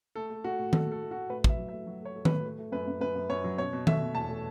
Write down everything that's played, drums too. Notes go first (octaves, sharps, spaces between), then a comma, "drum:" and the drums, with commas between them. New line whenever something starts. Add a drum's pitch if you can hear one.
A3 A4
A3
A3 F#4
A2
A2 A4, drum: tom D#3
A3 A4
A3
F#4
A3
A2 B4
A2 E5, drum: kick
F#3
E5
A3
F#3
A3 C#5
A3
B4, drum: tom D#3
A2
A3
A3
F#2 B4
F#2
F#2 B4
F#2
F#2 C#5
F#3
B2 C#5
B2
A3 E5, drum: tom D#3
B2
E2 A5
A3